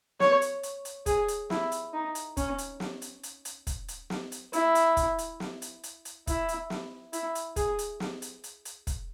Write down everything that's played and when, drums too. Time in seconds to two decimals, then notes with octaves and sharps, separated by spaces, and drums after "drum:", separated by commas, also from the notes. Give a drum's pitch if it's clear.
0.20 C#5, drum: snare
0.42 drum: hi-hat
0.63 drum: hi-hat
0.85 drum: hi-hat
1.06 G#4, drum: kick, hi-hat
1.28 drum: hi-hat
1.50 E4, drum: snare
1.72 drum: hi-hat
1.93 D#4
2.15 drum: hi-hat
2.37 C#4, drum: kick, hi-hat
2.58 drum: hi-hat
2.80 drum: snare
3.02 drum: hi-hat
3.23 drum: hi-hat
3.45 drum: hi-hat
3.67 drum: kick, hi-hat
3.88 drum: hi-hat
4.10 drum: snare
4.32 drum: hi-hat
4.53 E4, drum: hi-hat
4.75 drum: hi-hat
4.97 drum: kick, hi-hat
5.18 drum: hi-hat
5.40 drum: snare
5.62 drum: hi-hat
5.83 drum: hi-hat
6.05 drum: hi-hat
6.27 E4, drum: kick, hi-hat
6.48 drum: hi-hat
6.70 drum: snare
7.13 E4, drum: hi-hat
7.35 drum: hi-hat
7.56 G#4, drum: kick, hi-hat
7.79 drum: hi-hat
8.00 drum: snare
8.22 drum: hi-hat
8.44 drum: hi-hat
8.65 drum: hi-hat
8.87 drum: kick, hi-hat